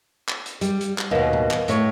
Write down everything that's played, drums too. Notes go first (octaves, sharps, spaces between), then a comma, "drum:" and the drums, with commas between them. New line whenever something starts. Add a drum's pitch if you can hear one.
drum: clap
drum: hi-hat
G3, drum: hi-hat
drum: hi-hat
drum: clap
D#2 B2 B4 D#5 F5
drum: tom A2
drum: clap
A2 C#5, drum: hi-hat